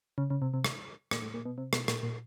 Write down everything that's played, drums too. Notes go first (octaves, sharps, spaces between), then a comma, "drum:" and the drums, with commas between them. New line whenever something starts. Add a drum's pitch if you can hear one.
C#3
C#3
C3
C3
drum: rim click
A#2, drum: rim click
A2
A#2
B2
C3
B2, drum: rim click
A#2, drum: rim click
A#2